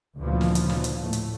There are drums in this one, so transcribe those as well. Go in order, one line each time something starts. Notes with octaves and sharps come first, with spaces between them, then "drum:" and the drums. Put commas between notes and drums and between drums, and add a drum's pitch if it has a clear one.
D2 A#2 C#3 E3 F3
drum: snare
drum: hi-hat
drum: snare
drum: hi-hat
A2 A3
drum: hi-hat